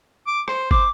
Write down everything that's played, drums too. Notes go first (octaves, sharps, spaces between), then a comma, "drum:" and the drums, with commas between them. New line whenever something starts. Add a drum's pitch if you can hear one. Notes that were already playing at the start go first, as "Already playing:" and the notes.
D6
C5, drum: rim click
C5 D6, drum: kick